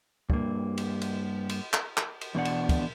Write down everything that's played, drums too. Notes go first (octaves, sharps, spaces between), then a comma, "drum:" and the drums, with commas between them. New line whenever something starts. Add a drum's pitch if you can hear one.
G2 A#3, drum: kick
drum: cymbal
drum: cymbal
drum: cymbal
drum: clap
drum: clap
drum: cymbal
E2 B2 D4 F#5
drum: cymbal
drum: kick, cymbal